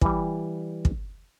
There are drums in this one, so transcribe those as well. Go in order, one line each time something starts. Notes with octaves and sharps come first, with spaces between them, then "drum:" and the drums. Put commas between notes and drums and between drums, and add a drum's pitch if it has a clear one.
E3 G3, drum: kick
drum: kick